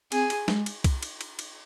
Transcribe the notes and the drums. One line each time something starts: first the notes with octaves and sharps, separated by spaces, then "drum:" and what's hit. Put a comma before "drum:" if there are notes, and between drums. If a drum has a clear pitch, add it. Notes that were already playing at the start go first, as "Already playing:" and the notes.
C4 G#4, drum: cymbal
drum: cymbal
G#3, drum: snare
drum: cymbal
drum: kick C2, cymbal
drum: cymbal
drum: cymbal
drum: cymbal